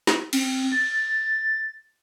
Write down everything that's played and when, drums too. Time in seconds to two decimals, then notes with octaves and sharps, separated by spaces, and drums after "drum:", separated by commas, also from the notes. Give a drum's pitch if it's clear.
0.07 drum: snare
0.33 C4, drum: cymbal
0.72 A6